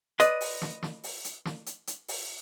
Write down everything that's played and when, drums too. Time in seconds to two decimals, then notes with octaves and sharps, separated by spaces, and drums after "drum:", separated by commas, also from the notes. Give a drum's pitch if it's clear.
0.20 B4 D5 D#5 C6, drum: hi-hat
0.41 drum: open hi-hat
0.62 drum: snare
0.83 drum: snare
1.04 drum: open hi-hat
1.24 drum: hi-hat
1.45 drum: snare
1.66 drum: hi-hat
1.87 drum: hi-hat
2.08 drum: open hi-hat